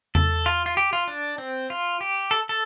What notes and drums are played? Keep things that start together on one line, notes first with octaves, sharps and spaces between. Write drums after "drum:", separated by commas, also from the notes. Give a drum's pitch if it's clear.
A4, drum: tom E2
F4
F4
G4
F4
D4
C4
F4
G4
A4
A4